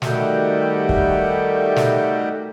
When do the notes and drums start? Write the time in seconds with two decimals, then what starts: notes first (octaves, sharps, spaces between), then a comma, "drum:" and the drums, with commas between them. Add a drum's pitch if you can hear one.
0.02 D#3 G3 A3 F#4 G4, drum: snare
0.89 drum: kick
1.76 drum: snare